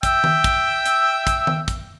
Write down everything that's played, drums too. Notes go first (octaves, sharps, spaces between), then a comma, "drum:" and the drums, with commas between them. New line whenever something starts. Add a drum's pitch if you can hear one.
E5 G5 E6, drum: kick, hi-hat
drum: tom D#3
drum: kick, hi-hat
drum: hi-hat
drum: kick, hi-hat
drum: tom D#3
drum: kick, hi-hat